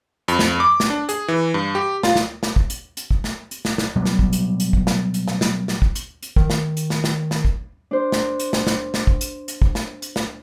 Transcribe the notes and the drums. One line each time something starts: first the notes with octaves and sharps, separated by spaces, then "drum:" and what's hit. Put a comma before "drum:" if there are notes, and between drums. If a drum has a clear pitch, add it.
F2, drum: hi-hat
drum: snare
D6
drum: snare
D4
G#4, drum: hi-hat
E3
G2
G4
F4, drum: snare
drum: snare
drum: snare
drum: kick
drum: hi-hat
drum: hi-hat
drum: kick
drum: snare
drum: hi-hat
drum: snare
drum: snare
B2 F#3 G3 B3
drum: snare
drum: kick
drum: hi-hat
drum: hi-hat
drum: kick
drum: snare
drum: hi-hat
drum: snare
drum: snare
drum: snare
drum: kick
drum: hi-hat
drum: hi-hat
D#3, drum: kick
drum: snare
drum: hi-hat
drum: snare
drum: snare
drum: snare
drum: kick
D4 C5
drum: snare
drum: hi-hat
drum: snare
drum: snare
drum: snare
drum: kick
drum: hi-hat
drum: hi-hat
drum: kick
drum: snare
drum: hi-hat
drum: snare